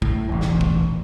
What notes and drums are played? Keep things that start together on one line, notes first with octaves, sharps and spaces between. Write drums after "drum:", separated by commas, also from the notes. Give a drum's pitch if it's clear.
A2, drum: kick
E1 A1
drum: snare
drum: kick